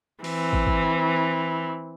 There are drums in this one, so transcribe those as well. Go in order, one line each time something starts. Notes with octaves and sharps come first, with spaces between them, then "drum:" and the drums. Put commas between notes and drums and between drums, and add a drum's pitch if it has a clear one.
E3 C4, drum: open hi-hat
drum: kick
drum: kick